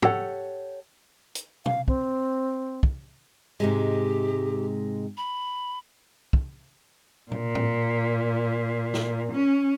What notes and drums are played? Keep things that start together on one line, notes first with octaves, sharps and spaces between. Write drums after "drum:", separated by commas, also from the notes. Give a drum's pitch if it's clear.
G4 A4 C#5 F#5, drum: tom
drum: hi-hat
F5, drum: tom B2
C4, drum: kick
drum: kick
G#2 C3 G#3 G4
B5
drum: kick
A#2, drum: tom B2
drum: tom A2
drum: snare
C#4